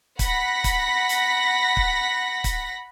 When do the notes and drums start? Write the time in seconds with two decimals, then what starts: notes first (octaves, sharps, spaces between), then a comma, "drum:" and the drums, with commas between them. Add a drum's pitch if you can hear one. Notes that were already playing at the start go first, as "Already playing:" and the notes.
0.19 F#5 B5 A#6 B6, drum: kick, hi-hat
0.64 drum: kick, hi-hat
1.09 drum: hi-hat
1.77 drum: kick
2.44 drum: kick, hi-hat